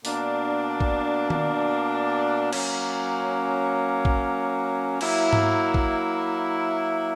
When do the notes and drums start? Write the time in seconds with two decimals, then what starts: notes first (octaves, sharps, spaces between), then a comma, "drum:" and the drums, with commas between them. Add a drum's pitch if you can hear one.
0.05 B2 A#3 D4, drum: open hi-hat
0.80 drum: kick A#1
1.30 drum: tom D#3
2.53 F#3 A#3 C#4, drum: cymbal
4.05 drum: kick A#1
5.01 F#3 A#3 E4, drum: cymbal
5.33 drum: tom G#2
5.74 drum: kick A#1